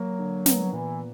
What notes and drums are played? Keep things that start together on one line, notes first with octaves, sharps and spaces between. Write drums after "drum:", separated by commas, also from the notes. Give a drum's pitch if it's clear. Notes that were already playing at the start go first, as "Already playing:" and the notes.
Already playing: F#3 A#3
D3
B3, drum: snare
A#2 E3